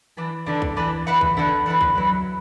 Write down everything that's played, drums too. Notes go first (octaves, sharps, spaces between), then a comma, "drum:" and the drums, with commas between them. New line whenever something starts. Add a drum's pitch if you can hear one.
E3 D4 B4 D5 A5
D3 D4 B4 D5 A5
drum: kick
E3 D4 B4 D5 A5
E3 E4 B4 F#5
drum: kick
D3 E4 B4 F#5
E3 E4 B4 F#5
drum: kick
F#3 E4 B4 F#5